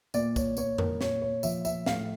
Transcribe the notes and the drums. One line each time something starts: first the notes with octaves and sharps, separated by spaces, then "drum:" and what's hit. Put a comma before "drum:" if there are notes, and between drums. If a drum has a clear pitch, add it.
A#2 D5, drum: tambourine
C#5, drum: kick, tambourine
A#2 C#5, drum: tambourine
A#4, drum: tom F2
A#2 C#5, drum: snare
C#5
F3 E5, drum: tambourine
E5, drum: tambourine
A2 F5, drum: snare